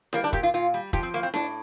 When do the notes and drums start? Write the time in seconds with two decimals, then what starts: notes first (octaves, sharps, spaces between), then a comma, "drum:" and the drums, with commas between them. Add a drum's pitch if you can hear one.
0.13 G3 A#3, drum: snare E4
0.24 D4
0.33 A#2 G4, drum: kick
0.43 F4
0.54 A#2 F4
0.74 G3
0.93 F3 G4, drum: kick
1.03 C4
1.14 A2 A#3
1.23 C4
1.34 A2 D4, drum: snare E4